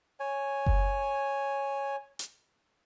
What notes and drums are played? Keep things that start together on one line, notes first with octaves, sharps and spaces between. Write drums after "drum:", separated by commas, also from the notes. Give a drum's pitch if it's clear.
C#5 G#5
drum: kick F#1
drum: hi-hat